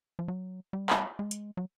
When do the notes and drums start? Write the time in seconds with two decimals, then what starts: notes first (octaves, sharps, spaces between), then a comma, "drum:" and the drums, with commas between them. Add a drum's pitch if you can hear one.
0.19 F3
0.28 F#3
0.73 G3
0.90 drum: clap
1.19 G#3
1.31 drum: hi-hat
1.57 F#3